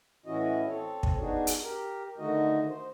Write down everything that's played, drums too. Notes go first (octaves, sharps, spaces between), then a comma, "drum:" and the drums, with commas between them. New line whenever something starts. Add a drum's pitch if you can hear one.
A2 E3 C#4 E4 F#4 D#5
C4 A4 C#5
drum: kick
B3 D4 D#4 F#4 G#4
drum: hi-hat
G4 A#4
D3 D#3 A3 D#4 F#4 D#5
C5